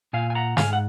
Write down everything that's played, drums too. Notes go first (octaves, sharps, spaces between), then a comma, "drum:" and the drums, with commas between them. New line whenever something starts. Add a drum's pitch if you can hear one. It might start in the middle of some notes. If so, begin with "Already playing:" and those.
A#2 F5 G#5
G#5
F#5 A#5
G#2 F5 G#5, drum: snare
F#5